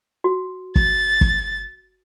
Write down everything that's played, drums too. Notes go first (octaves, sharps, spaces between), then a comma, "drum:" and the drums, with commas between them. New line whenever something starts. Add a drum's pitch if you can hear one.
F#4
A6, drum: kick
drum: kick